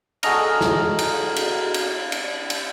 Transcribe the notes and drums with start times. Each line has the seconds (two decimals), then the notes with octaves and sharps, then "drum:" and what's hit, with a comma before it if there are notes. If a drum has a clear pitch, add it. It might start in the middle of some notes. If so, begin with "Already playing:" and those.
0.23 F#4 G#4 A4 D#5 A#5 F6, drum: cymbal
0.61 drum: snare
0.99 drum: cymbal
1.36 drum: cymbal
1.74 drum: cymbal
2.12 drum: cymbal
2.50 drum: cymbal